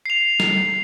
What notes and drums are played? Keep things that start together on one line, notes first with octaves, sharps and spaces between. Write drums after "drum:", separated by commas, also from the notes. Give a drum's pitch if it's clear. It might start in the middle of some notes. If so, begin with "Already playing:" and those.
C7 F7
drum: snare